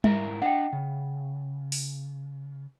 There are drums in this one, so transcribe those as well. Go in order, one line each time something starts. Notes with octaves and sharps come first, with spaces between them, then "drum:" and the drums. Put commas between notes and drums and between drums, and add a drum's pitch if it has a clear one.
G#2 E4 A#4 E5, drum: tom G3
D4 D#5 F#5 G5
C#3
drum: open hi-hat